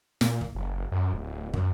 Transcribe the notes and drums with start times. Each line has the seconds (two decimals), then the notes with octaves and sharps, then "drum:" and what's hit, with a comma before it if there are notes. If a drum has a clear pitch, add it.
0.21 A#2, drum: snare
0.41 drum: kick
0.55 F#1
0.92 F#2
1.13 D1
1.53 F#2, drum: kick